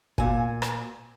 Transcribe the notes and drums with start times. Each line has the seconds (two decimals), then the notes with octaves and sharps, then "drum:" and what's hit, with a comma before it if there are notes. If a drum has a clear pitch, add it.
0.18 A#2 G#5, drum: kick
0.62 drum: rim click